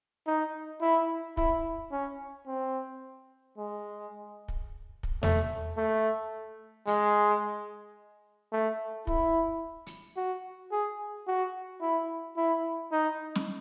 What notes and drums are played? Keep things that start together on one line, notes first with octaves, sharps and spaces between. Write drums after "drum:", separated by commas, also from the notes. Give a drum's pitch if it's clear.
D#4
E4
E4, drum: kick
C#4
C4
G#3
drum: kick
drum: kick
A3, drum: tom E2
A3
G#3, drum: hi-hat
A3
E4, drum: kick
drum: hi-hat
F#4
G#4
F#4
E4
E4
D#4
drum: snare